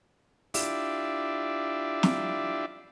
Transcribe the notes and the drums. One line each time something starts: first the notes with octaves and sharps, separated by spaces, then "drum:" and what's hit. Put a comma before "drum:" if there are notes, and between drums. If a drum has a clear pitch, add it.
D4 E4 F4 G4 D5 E5, drum: open hi-hat
drum: snare